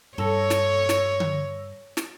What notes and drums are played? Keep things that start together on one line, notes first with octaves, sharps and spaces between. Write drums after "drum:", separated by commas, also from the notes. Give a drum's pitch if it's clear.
G2 A4 C#5 E6 A#6
drum: snare
drum: snare
drum: tom D3
drum: snare